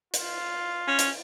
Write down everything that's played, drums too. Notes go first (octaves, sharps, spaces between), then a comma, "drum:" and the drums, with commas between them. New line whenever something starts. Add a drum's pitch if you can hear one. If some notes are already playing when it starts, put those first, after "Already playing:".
F4, drum: hi-hat
C#4
drum: hi-hat